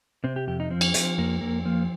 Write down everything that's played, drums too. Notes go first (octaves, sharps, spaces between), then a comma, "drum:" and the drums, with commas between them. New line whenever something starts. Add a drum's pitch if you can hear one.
C3 C4
G4
F2 G4
D#4
F3 C4
drum: cymbal
F3 C4, drum: hi-hat
F2 A#3
F2 A#3
F3 A#3